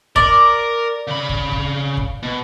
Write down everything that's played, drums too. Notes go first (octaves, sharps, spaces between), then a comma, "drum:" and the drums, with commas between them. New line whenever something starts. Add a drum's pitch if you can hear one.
A#4 D5, drum: kick
C#3 B5
drum: kick
drum: kick
drum: kick
B2